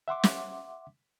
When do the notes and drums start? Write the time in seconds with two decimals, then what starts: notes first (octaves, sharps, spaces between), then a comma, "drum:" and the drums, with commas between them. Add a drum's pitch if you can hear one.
0.08 E5 F#5 C6 D6
0.23 drum: snare